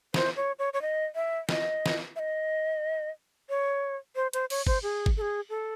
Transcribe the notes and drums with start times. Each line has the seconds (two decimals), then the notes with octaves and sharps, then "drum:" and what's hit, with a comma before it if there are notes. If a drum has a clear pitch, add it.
0.14 C5, drum: snare
0.36 C#5
0.59 C#5
0.73 C#5
0.82 D#5
1.15 E5
1.49 D#5, drum: snare
1.86 drum: snare
2.16 E5
2.19 D#5
3.49 C#5
4.16 C5
4.33 C5, drum: hi-hat
4.50 C#5, drum: cymbal
4.67 C5, drum: kick G1
4.83 G#4
5.06 drum: kick G1
5.17 A4
5.21 G#4
5.50 A4